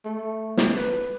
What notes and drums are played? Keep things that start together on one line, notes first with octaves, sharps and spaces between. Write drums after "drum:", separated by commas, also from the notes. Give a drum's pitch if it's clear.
A3
drum: snare
B4